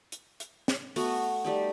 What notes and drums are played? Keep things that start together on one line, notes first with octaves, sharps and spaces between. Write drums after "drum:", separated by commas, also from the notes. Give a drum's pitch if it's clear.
drum: hi-hat
drum: hi-hat
drum: snare
A3 B3 F#4, drum: open hi-hat
G3 A3 D#4